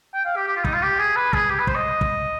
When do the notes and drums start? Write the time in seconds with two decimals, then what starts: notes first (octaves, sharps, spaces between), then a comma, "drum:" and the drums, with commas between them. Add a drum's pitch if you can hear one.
0.14 G5
0.25 F5
0.36 G4
0.48 G4
0.56 F4
0.64 D#4, drum: kick
0.73 F4
0.82 G4
0.99 G#4
1.16 B4
1.33 G#4, drum: kick
1.50 G4
1.59 B4
1.67 C5, drum: kick
1.75 D#5
2.01 drum: kick